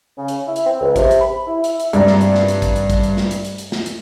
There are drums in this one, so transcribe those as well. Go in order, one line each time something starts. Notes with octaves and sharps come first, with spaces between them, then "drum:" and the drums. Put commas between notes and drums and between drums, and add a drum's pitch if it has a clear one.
C#3
drum: hi-hat
E4
drum: hi-hat
C4
C#2
C3, drum: kick, hi-hat
drum: hi-hat
B5
E4
E5, drum: hi-hat
drum: hi-hat
G2 C3 D5 A#5, drum: hi-hat
drum: snare
drum: hi-hat
drum: snare
drum: hi-hat
drum: kick, hi-hat
drum: hi-hat
drum: kick, hi-hat
drum: hi-hat
drum: snare
drum: hi-hat
drum: hi-hat
drum: hi-hat
drum: snare
drum: hi-hat